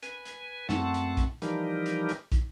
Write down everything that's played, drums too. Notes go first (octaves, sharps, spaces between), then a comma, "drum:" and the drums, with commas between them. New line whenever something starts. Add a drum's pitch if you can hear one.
B4 G#5, drum: hi-hat
drum: hi-hat
F#2 A3 C4 F#5 A5, drum: snare
drum: hi-hat
drum: kick, hi-hat
E3 F3 G3 D#4 G4 A#4, drum: hi-hat
drum: hi-hat
drum: hi-hat
drum: kick, hi-hat